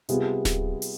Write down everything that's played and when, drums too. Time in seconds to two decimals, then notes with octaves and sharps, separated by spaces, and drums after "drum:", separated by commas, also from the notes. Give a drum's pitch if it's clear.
0.09 C3 G3 B3 F4 G#4, drum: hi-hat
0.45 drum: snare D1
0.82 drum: open hi-hat